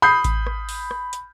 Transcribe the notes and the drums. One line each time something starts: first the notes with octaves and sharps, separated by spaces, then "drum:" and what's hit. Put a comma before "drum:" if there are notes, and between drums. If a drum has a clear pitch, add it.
B5 D#6 G6 C7
drum: kick A1, hi-hat
drum: rim click
drum: open hi-hat
drum: rim click
drum: hi-hat